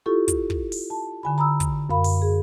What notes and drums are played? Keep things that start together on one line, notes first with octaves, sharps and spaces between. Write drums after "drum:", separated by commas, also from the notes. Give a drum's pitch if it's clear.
E4 F4 G4 A4 C#6
drum: kick, hi-hat
drum: kick
drum: open hi-hat
A5
D3 G#5 B5
A#5 B5 D#6 E6
drum: kick, hi-hat
F#2 A#4 F5 B5
drum: open hi-hat
G#4